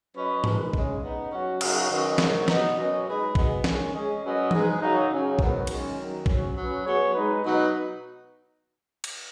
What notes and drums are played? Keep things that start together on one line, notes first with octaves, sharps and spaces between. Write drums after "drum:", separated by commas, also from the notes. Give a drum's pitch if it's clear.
F#3 C#4 B4 D#5
G#2 D#3 G#3 D#4 B4, drum: tom G#2
C#3 G#3 C#4 G#4 D#5, drum: kick
C#3 B3 D#4
F#3 C#4 F#4
F#2 C#3 F#3 D#4 F#4, drum: cymbal
D#3 F#3 C#4 B4 D#5
G#2 D#3 F#3, drum: snare
B2 F#3 B3 D#4, drum: snare
F#2 F#3 C#4 B4 D#5
G#3 D#4 G#4 B4 D#5
B2 B3 G#4 D#5, drum: kick
D#3 G#3 C#4, drum: snare
G#3 C#4 G#4 D#5
F#2 F#3 C#4 B4 D#5
G#2 G#3 D#4 G#4 B4, drum: tom E3
F#2 C#3 F#3 D#4
C#3 F#3 C#4 G#4
G#2 D#3 F#3 B3, drum: kick
F#2 D#3 G#3 C#4, drum: cymbal
F#2 D#3 F#3
G#2 F#3 C#4, drum: kick
F#3 C#4 B4
F#3 B3 G#4 C#5
G#3 D#4 B4
B2 F#3 D#4 B4
drum: cymbal